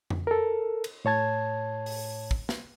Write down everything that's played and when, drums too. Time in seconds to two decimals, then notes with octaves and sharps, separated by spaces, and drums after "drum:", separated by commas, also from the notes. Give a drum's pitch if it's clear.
0.10 drum: tom F2
0.27 A4 A#4
0.84 drum: cymbal
1.05 A2 C#5 A5 G#6
1.86 drum: open hi-hat
2.31 drum: kick
2.49 drum: snare